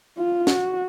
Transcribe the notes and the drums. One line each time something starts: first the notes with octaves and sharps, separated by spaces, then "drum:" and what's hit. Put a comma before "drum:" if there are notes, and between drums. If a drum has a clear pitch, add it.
F4
F#4, drum: snare